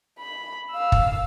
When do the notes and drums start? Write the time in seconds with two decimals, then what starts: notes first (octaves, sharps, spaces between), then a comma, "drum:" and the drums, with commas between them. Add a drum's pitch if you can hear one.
0.19 B5
0.71 F5 E6
0.92 drum: kick